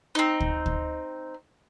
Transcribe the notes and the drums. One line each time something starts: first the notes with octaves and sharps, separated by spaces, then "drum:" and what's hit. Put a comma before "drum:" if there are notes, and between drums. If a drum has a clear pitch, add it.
C4 D#4
drum: kick
drum: kick